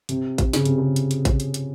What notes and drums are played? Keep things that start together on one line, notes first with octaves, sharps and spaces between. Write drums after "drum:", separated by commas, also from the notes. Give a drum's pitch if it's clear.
C3, drum: hi-hat
drum: kick A1, hi-hat
C#3, drum: snare
C3, drum: hi-hat
C#3
drum: hi-hat
drum: hi-hat
drum: kick A1, hi-hat
drum: hi-hat
drum: hi-hat